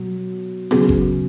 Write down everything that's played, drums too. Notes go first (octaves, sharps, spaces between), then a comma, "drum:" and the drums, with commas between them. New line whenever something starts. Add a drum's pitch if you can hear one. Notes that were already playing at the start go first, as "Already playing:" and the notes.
Already playing: B2 F#3
C#3 F#3 B3 G#4, drum: rim click
drum: kick F#1